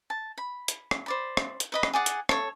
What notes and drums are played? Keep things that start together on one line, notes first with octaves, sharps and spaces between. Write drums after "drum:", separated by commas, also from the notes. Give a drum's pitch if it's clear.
A5
B5
drum: hi-hat
drum: rim click
C5 D5 B5
drum: rim click
drum: hi-hat
B4 D#5 B5
drum: rim click
G#4 D5 F#5 G#5
drum: hi-hat
A4 C#5, drum: rim click